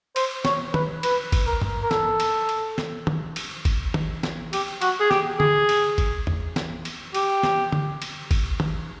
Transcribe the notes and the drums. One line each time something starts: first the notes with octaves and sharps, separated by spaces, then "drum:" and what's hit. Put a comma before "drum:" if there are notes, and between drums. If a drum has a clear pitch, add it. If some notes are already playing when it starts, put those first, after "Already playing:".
C5, drum: cymbal
C#5, drum: snare
B4, drum: tom
B4, drum: cymbal
drum: kick G1, cymbal
A#4
drum: tom G2
A#4
A4, drum: snare
drum: cymbal
drum: cymbal
drum: snare
drum: tom
drum: cymbal
drum: kick G1, cymbal
drum: tom
drum: snare
G4, drum: cymbal
F#4, drum: cymbal
G#4
G4, drum: snare
G#4, drum: tom D3
drum: cymbal
drum: kick G1, cymbal
drum: tom E2
drum: snare
drum: cymbal
G4, drum: cymbal
drum: snare
drum: tom D3
drum: cymbal
drum: kick G1, cymbal
drum: tom